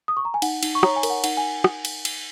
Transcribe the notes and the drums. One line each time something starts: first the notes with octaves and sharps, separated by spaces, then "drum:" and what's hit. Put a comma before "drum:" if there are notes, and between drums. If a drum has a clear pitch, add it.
D#6
C#6
A#5
G#5
D#4 F#5, drum: cymbal
D#4, drum: cymbal
C#6
C#5 A#5, drum: rim click
G#5
A#4, drum: cymbal
F#5
D#4 F#5, drum: cymbal
G#5
drum: rim click
drum: cymbal
drum: cymbal